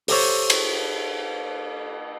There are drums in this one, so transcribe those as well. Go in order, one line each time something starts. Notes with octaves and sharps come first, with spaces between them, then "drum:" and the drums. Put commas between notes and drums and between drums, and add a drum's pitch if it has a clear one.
G4 A4 C5 C#5, drum: open hi-hat
drum: cymbal